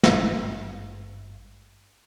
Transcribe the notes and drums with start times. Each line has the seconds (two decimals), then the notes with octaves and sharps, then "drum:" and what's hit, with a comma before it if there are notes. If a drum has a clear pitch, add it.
0.03 G#1 G2, drum: snare